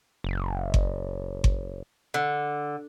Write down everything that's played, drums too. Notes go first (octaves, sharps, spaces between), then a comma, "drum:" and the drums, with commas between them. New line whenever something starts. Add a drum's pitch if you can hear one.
F#1
drum: kick G1
drum: kick G1
D3